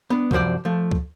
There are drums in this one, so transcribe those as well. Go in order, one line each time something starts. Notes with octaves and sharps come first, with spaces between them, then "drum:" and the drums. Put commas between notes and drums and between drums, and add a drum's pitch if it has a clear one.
B3 D4
C2 F#2 F3 C5 D5, drum: kick
F3 A3
drum: kick